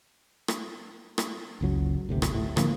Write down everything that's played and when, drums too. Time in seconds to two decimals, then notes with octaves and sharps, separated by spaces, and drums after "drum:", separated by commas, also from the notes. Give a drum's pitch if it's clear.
0.48 drum: rim click
1.18 drum: rim click
1.61 F#1 C#2 F#3
2.09 G#1 D2 C3
2.22 drum: rim click
2.34 A2
2.57 D3 F3 A#3 D4, drum: rim click